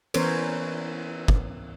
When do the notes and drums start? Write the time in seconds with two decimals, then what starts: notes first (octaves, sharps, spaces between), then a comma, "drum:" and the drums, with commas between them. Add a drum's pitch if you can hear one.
0.14 E3 B3 C#4 A#4 C5 C#5, drum: cymbal
1.28 drum: kick